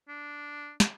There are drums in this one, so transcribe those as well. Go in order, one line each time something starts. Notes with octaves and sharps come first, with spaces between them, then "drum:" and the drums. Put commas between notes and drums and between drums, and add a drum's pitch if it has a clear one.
D4
drum: snare